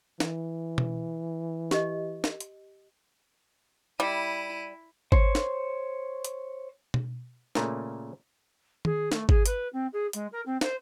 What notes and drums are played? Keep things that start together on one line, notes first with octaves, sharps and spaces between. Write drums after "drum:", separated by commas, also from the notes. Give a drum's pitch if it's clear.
E3, drum: snare
drum: tom B2
G4 D#5, drum: snare
drum: snare
drum: hi-hat
G3 E4 D#7
C5 C#5, drum: kick G#1
drum: snare
drum: hi-hat
drum: tom B2
A#2 C#3 A3 A#3, drum: snare
G#4, drum: tom D#3
A3, drum: snare
G#4, drum: kick G#1
B4, drum: hi-hat
C4
G#4
G#3, drum: hi-hat
A#4
C4
C5, drum: snare